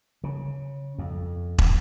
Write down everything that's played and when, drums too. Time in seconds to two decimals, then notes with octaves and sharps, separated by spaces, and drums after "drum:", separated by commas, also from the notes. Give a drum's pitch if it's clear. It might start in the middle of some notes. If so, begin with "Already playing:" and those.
0.24 C#3
0.98 F2
1.58 drum: kick